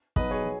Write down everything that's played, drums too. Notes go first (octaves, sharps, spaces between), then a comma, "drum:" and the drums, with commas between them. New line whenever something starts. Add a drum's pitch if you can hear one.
B1 B2 F#3 B4 D#5, drum: kick
G#4 C#5
F#3